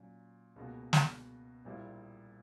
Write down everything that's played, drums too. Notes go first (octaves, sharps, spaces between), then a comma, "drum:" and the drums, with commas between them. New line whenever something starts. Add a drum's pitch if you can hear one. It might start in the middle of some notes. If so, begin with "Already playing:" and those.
Already playing: A#2 F#3 C#4
C#2 B2 A#3 C#4 F#4
drum: snare
A#1 A#2 G3 A#3 E4